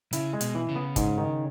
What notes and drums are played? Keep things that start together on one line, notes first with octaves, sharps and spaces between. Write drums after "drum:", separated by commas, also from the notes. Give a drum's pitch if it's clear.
C#3 E4, drum: hi-hat
G#3
B2, drum: hi-hat
E3
C#3
B3
G#2, drum: kick, hi-hat
D#3